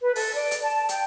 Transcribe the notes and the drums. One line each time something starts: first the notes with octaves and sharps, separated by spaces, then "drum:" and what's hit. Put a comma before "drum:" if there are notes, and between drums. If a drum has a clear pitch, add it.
B4
A4, drum: open hi-hat
D5
drum: hi-hat
A5
G5, drum: hi-hat